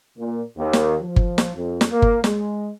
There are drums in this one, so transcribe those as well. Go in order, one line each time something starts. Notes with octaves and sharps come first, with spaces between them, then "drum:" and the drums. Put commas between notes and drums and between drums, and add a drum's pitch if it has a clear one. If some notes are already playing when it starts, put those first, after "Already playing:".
A#2
D#2
drum: snare
F3
drum: kick G1
drum: snare
F2
drum: snare
A#3
drum: kick G1
G#3, drum: snare